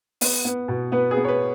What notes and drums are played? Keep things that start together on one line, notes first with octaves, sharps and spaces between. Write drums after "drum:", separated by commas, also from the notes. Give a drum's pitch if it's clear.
B3, drum: open hi-hat
B3
B2
B3 B4
G#4
B3
C#5
B4